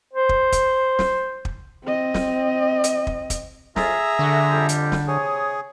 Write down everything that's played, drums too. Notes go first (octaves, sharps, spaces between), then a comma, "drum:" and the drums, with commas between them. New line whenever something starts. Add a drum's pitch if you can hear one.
C5
drum: kick
drum: kick, hi-hat
drum: snare
drum: kick
C4 D#5
drum: snare
drum: hi-hat
drum: kick
drum: kick, hi-hat
F2 F4 G#4 E5 A#5, drum: snare
E6
D3 A3 F#4
F2 G3
drum: hi-hat
drum: snare
C3 G#4 C#5 D#6